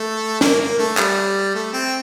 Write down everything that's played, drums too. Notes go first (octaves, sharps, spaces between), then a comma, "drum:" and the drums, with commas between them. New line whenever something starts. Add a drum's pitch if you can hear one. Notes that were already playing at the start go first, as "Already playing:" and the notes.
Already playing: A3
A#3, drum: snare
A#3
A3
G3, drum: clap
A3
C4